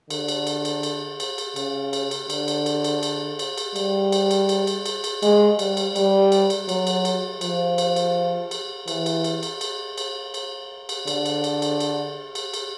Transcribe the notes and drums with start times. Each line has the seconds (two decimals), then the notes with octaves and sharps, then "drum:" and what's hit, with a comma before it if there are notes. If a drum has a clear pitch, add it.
0.10 D3, drum: cymbal
0.28 drum: cymbal
0.47 drum: cymbal
0.65 drum: cymbal
0.83 drum: cymbal
1.20 drum: cymbal
1.38 drum: cymbal
1.56 C#3, drum: cymbal
1.93 drum: cymbal
2.11 drum: cymbal
2.30 D3, drum: cymbal
2.48 drum: cymbal
2.66 drum: cymbal
2.84 drum: cymbal
3.03 drum: cymbal
3.39 drum: cymbal
3.58 drum: cymbal
3.76 G3, drum: cymbal
4.12 drum: cymbal
4.31 drum: cymbal
4.49 drum: cymbal
4.67 drum: cymbal
4.86 drum: cymbal
5.04 drum: cymbal
5.23 G#3, drum: cymbal
5.59 G3, drum: cymbal
5.77 drum: cymbal
5.96 G3, drum: cymbal
6.32 drum: cymbal
6.50 drum: cymbal
6.69 F#3, drum: cymbal
6.87 drum: cymbal
7.05 drum: cymbal
7.41 F3, drum: cymbal
7.78 drum: cymbal
7.96 drum: cymbal
8.51 drum: cymbal
8.88 E3, drum: cymbal
9.06 drum: cymbal
9.24 drum: cymbal
9.43 drum: cymbal
9.61 drum: cymbal
9.98 drum: cymbal
10.34 drum: cymbal
10.89 drum: cymbal
11.08 D3, drum: cymbal
11.26 drum: cymbal
11.44 drum: cymbal
11.62 drum: cymbal
11.80 drum: cymbal
12.35 drum: cymbal
12.54 drum: cymbal